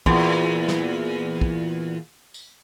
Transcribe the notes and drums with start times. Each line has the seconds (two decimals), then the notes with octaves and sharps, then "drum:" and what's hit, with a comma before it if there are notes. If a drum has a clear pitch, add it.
0.06 E2 A#2, drum: kick
0.68 drum: snare
1.41 drum: kick
2.34 drum: tambourine